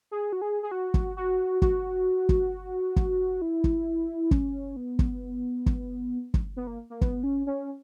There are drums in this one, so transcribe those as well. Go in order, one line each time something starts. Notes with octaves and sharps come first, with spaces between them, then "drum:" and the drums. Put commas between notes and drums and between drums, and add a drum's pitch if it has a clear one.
G#4
F#4
G#4
G#4
F#4
drum: kick
F#4
F#4, drum: kick
drum: kick
drum: kick
E4
drum: kick
C#4, drum: kick
B3
drum: kick
drum: kick
drum: kick
B3
A#3
A#3
B3, drum: kick
C#4
C#4